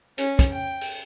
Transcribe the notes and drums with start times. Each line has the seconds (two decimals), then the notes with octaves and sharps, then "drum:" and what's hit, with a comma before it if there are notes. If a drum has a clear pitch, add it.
0.18 C#4, drum: hi-hat
0.39 drum: kick, hi-hat
0.52 G5
0.81 drum: open hi-hat